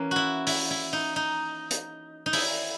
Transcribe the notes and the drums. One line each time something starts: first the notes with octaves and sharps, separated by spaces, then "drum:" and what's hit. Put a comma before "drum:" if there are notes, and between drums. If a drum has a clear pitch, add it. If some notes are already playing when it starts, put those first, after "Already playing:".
Already playing: E3 A#3 C#4
E4 F#4
E4, drum: open hi-hat
E4
D#4
D#4
drum: hi-hat
D#4
E4, drum: open hi-hat